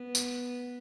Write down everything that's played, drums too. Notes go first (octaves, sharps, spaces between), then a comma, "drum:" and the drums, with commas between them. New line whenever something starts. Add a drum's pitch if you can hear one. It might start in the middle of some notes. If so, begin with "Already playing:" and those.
Already playing: B3
drum: tambourine